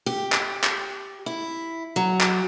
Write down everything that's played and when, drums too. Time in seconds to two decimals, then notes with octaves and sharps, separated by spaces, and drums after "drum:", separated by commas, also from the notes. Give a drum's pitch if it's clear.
0.06 G4
0.32 drum: clap
0.64 drum: clap
1.26 E4
1.96 F#3
2.20 drum: clap